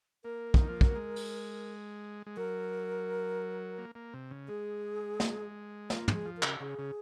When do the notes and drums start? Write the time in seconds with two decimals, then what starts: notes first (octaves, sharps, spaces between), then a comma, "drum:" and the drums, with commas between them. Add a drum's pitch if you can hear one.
0.24 A#3 A#4
0.54 D#3, drum: kick
0.69 F3
0.81 F#3, drum: kick
0.95 G#3
1.16 drum: open hi-hat
2.26 G#3
2.37 F#3 A#4
3.78 A#3
3.95 A#3
4.14 C3
4.31 C#3
4.48 G#3 G#4
5.20 drum: snare
5.90 A#3 F4, drum: snare
6.08 G#3, drum: tom
6.13 G#4
6.25 F3
6.37 A#4
6.43 C#3, drum: clap
6.60 C#3 G#4
6.79 C#3